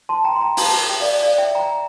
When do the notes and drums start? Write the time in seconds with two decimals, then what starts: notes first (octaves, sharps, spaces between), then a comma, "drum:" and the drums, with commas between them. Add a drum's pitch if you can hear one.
0.09 A5 C6
0.24 G5 A#5
0.36 C6
0.41 G5 A#5
0.57 F5 A5, drum: open hi-hat
0.90 E5 G5
1.00 D5 F5
1.23 D5 F5
1.38 E5 G5
1.55 G5 A#5